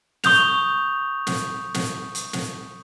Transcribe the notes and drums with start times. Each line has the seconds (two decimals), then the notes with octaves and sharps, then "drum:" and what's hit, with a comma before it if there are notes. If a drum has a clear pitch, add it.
0.24 C#6 D#6 G6 F7, drum: snare
1.27 drum: snare
1.74 drum: snare
2.15 drum: hi-hat
2.33 drum: snare